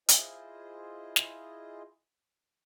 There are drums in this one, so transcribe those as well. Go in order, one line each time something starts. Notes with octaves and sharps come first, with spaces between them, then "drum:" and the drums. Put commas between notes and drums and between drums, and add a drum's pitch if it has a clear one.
E4 F4 G#4 C5 D#5, drum: hi-hat
drum: snare